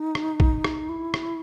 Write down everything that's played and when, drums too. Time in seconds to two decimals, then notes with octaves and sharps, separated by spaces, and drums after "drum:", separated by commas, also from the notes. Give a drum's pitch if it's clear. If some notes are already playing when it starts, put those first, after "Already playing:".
Already playing: D#4
0.15 drum: rim click
0.40 drum: kick A#1
0.64 drum: rim click
0.89 E4
1.14 drum: rim click